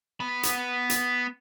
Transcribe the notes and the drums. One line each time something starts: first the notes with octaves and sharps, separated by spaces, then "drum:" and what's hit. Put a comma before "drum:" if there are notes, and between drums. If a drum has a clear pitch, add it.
B3 B5
drum: hi-hat
drum: hi-hat